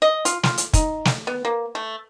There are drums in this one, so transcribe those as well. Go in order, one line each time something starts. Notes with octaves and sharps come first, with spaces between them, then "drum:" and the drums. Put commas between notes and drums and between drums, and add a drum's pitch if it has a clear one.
D#5
F4, drum: hi-hat
F4, drum: snare
drum: hi-hat
D#4, drum: kick, hi-hat
drum: snare
B3
A#3
A3